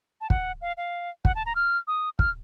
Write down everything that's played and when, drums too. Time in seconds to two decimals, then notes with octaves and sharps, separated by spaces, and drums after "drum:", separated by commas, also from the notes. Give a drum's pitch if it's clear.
0.21 A5
0.30 F#5, drum: kick
0.61 F5
0.77 F5
1.25 F#5, drum: kick
1.35 A5
1.46 A#5
1.55 F6
1.88 D#6
2.19 F6, drum: kick